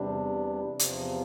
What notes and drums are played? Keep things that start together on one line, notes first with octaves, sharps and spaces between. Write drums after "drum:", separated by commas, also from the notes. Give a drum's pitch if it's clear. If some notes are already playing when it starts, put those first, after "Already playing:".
Already playing: E2 C3 G3 D4
E2 C3 F3, drum: hi-hat